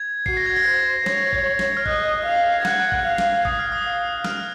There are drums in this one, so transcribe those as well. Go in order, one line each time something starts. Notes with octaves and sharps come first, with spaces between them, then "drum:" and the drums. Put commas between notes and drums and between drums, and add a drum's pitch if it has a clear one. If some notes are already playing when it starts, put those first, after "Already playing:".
Already playing: G#6
F#4 C7, drum: kick A1
A#6
G#6
A#6
C5
C#5, drum: snare
drum: kick A1
drum: snare
F6
D#5 F#6, drum: kick A1
F5
G#6
F#5 F#6, drum: snare
drum: kick A1
F5
drum: snare
D#6, drum: kick A1
F6
D#6
F5
F6, drum: snare